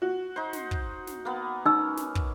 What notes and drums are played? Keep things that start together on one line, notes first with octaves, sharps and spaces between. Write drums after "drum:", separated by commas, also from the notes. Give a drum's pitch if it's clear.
F#4
D#4 C5
drum: snare
drum: kick
drum: snare
A#3 B3
C#4 D#4 E6
drum: snare
drum: kick